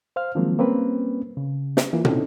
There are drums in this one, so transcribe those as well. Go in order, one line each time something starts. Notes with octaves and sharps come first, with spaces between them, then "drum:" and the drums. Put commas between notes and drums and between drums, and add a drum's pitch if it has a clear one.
C5 F5 F6
D#3 F3 F#3 G#3 A#3 C4
G3 A#3 C4 C#4 B4
C#3
drum: snare
E3 A#3 F4
C4 C#4 D#4 E4 A4, drum: tom